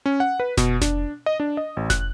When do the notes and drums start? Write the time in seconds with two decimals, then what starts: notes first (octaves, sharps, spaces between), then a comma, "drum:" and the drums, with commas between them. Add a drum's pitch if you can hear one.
0.06 C#4
0.20 F#5
0.40 B4
0.57 B2, drum: snare F1
0.82 D4, drum: snare F1
1.26 D#5
1.40 D4
1.57 D#5
1.77 A1
1.90 F#6, drum: snare F1